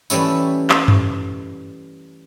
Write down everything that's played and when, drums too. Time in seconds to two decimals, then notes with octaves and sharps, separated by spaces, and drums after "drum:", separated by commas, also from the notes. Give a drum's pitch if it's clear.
0.10 E3 G3 A3 C#4 E4, drum: tambourine
0.70 drum: clap
0.88 drum: tom F#2